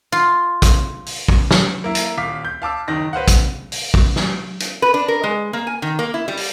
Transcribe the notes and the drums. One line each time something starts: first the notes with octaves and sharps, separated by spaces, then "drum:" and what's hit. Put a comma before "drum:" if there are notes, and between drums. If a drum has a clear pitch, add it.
F4
drum: kick, hi-hat
drum: open hi-hat
drum: kick
drum: snare
A#3 E4
drum: hi-hat
D#1 F5 D6 B6
G6
F5 A5 D6 E6
F#1 D#3 A#6
B4 C5 F5 F#5
drum: kick, hi-hat
drum: open hi-hat
drum: kick
drum: snare
drum: hi-hat
B4
D4
A#4
G#3
A#3
G#5
D#3
A#3
E4
G3
drum: open hi-hat